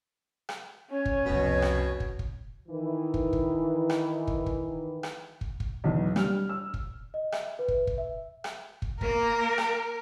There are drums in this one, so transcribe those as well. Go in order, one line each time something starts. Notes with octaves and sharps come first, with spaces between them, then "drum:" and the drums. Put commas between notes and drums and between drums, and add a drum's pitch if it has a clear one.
drum: rim click
C#4 C#5
drum: kick
C2 F2 B2
drum: rim click
drum: kick
drum: kick
D#3 E3
drum: kick
drum: kick
drum: rim click
drum: kick
drum: kick
drum: rim click
drum: kick
drum: kick
B1 E2
G3 F6, drum: rim click
E6
drum: kick
D#5
E5, drum: rim click
B4
drum: kick
drum: kick
E5
drum: rim click
drum: kick
A#3 A#4, drum: kick
drum: rim click